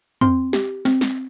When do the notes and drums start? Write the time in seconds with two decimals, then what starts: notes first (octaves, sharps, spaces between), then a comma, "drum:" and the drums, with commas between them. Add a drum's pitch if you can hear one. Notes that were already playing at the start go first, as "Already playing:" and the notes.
0.21 C4 C6, drum: tom
0.53 G4, drum: snare
0.85 C4, drum: snare
1.01 drum: snare